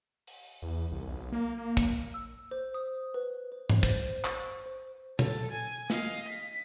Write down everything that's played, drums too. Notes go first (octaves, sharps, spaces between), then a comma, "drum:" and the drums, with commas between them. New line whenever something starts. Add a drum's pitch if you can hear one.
drum: open hi-hat
E2
C2
B1
A#3
A#3
drum: kick
E6
C5
D#6
B4
C5
drum: tom G#2
C5, drum: kick
C#6, drum: clap
C5
A4, drum: tom A#2
G#5
D#5 F5, drum: snare
B6